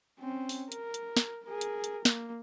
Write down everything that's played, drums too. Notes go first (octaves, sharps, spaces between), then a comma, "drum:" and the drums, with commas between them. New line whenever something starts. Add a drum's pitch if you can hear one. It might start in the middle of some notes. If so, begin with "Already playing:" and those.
C4 C#4
drum: open hi-hat
A#4, drum: hi-hat
drum: hi-hat
drum: snare
G#4 A#4
drum: hi-hat
drum: hi-hat
A#3, drum: snare